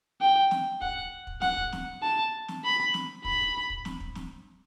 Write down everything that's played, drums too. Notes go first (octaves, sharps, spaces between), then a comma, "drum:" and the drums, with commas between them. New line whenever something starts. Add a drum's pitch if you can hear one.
G5
drum: snare
F#5, drum: kick
drum: kick
F#5, drum: snare
drum: kick
drum: snare
A5
drum: snare
B5
drum: snare
B5, drum: kick
drum: kick
drum: snare
drum: kick
drum: snare